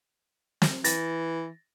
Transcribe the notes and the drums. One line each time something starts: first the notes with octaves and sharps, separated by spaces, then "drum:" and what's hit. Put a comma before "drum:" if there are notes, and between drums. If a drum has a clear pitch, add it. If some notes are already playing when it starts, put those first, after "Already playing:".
drum: snare
E3 A6 A#6, drum: hi-hat